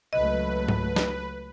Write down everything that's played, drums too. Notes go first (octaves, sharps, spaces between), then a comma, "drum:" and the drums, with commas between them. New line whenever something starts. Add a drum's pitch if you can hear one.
C#2 F#3 A3 B4 D#5
drum: tom G#2
drum: snare